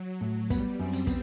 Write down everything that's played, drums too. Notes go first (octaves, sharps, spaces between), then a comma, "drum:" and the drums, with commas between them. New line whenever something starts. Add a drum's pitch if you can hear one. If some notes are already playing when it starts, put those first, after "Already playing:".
Already playing: F#3
A2
G3 B3, drum: kick, hi-hat
F#2 C4
drum: hi-hat
B3, drum: kick, hi-hat